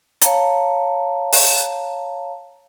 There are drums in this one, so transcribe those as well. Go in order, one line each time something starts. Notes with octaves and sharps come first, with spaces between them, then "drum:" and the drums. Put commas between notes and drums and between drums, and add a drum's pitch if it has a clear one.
C#5 F5 A5 A#5, drum: hi-hat
drum: open hi-hat